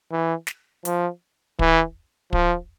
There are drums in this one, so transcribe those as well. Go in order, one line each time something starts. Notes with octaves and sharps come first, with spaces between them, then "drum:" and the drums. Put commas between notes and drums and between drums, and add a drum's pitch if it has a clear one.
E3
drum: snare
F3, drum: hi-hat
E3, drum: kick
F3, drum: kick